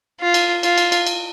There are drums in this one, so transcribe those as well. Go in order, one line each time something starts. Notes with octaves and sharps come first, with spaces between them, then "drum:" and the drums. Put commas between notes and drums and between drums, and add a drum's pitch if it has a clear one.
F4
drum: cymbal
F4, drum: cymbal
drum: cymbal
drum: cymbal
drum: cymbal